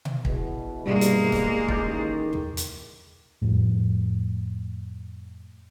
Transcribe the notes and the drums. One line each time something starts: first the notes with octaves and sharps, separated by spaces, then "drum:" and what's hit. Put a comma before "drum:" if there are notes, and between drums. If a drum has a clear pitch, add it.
drum: tom B2
E2 B2, drum: kick
F#1 G2 B2 E3 G#3 A#3 G#4 D5
drum: hi-hat
drum: snare
A1 D#3 D6 G6 A6, drum: kick
drum: tom
drum: hi-hat
F2 A2